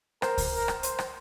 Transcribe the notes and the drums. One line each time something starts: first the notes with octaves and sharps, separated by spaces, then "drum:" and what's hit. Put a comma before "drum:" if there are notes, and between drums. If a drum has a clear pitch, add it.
A#4 C5, drum: rim click
drum: kick C#2, open hi-hat
A#4
drum: rim click
C5, drum: hi-hat
drum: rim click